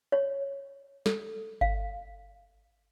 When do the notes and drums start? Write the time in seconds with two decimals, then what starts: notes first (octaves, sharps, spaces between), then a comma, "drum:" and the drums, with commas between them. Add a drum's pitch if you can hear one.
0.12 C#5
1.06 A4, drum: snare
1.61 F5, drum: kick G1